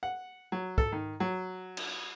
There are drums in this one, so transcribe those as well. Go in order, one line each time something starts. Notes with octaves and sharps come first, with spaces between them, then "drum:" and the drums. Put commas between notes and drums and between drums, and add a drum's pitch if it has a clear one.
F#5
F#3
A4, drum: kick
D#3
F#3
drum: cymbal